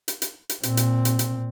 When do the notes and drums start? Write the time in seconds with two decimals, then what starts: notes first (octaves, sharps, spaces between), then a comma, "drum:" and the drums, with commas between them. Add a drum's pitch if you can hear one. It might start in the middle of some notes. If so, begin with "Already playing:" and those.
0.08 drum: hi-hat
0.22 drum: hi-hat
0.49 drum: hi-hat
0.63 A#2 C4, drum: hi-hat
0.77 drum: hi-hat
1.05 drum: hi-hat
1.19 drum: hi-hat